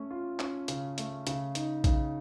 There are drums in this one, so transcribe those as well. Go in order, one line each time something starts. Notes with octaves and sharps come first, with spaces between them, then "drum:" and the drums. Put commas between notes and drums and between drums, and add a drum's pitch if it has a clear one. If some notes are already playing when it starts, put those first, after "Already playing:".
Already playing: A3 C#4
F4
C#4, drum: clap
C#3, drum: hi-hat
A3, drum: hi-hat
C#3, drum: hi-hat
D#4, drum: hi-hat
C#3, drum: kick A#1, hi-hat